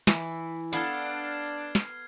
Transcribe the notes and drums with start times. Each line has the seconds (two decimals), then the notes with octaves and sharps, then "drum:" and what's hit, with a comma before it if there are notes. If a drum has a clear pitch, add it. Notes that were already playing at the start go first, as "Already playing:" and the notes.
0.07 E3 E4, drum: snare
0.73 B3 D4 A4 F5 F6 G#6 C7, drum: hi-hat
1.75 drum: snare